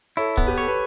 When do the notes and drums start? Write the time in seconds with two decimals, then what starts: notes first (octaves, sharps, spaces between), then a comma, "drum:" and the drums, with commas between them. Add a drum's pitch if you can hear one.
0.17 E4 A4 C#5
0.37 B3, drum: kick
0.47 G4 B4
0.58 A4 C#5
0.68 B4